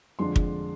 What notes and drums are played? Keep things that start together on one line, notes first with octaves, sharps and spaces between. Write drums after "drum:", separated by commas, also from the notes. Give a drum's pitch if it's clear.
F2 D3 G#3 D4 F4 C6
drum: kick